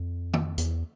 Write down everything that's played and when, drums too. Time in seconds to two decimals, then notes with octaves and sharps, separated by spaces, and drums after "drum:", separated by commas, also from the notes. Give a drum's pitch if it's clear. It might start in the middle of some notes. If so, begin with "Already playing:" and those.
Already playing: F2
0.34 drum: tom
0.58 E2, drum: hi-hat